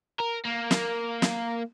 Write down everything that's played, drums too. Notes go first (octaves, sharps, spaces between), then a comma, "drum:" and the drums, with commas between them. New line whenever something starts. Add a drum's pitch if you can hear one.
A#4
A#3
drum: snare
drum: snare